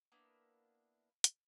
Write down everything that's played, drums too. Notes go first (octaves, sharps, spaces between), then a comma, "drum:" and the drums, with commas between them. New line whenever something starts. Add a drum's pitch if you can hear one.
A#3 B3 D4 E4
drum: hi-hat